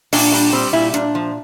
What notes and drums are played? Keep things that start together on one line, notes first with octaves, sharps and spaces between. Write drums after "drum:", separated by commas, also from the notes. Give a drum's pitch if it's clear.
A#2 D4, drum: open hi-hat
G3 D4
G3 C4
A#2 E4
A#2 D4, drum: hi-hat
F3